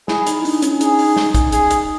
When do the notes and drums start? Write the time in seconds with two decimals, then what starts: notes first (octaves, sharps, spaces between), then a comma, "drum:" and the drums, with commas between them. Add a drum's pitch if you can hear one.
0.08 E4 G#4, drum: snare
0.26 D#4, drum: hi-hat
0.45 D4, drum: open hi-hat
0.62 C#4, drum: hi-hat
0.81 D#4 G#4, drum: hi-hat
0.99 drum: open hi-hat
1.17 drum: snare
1.34 drum: kick, hi-hat
1.52 G#4, drum: hi-hat
1.70 drum: hi-hat